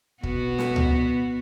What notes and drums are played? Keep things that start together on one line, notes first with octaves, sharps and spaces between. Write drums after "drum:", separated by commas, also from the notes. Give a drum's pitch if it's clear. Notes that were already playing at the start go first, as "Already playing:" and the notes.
B2 B3 F#4, drum: kick
drum: snare
drum: tom C#2